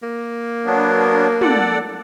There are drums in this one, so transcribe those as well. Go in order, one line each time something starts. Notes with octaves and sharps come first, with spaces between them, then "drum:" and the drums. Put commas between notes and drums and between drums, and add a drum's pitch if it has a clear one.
A#3
F#3 B3 D4
A4 D5 F#5, drum: tom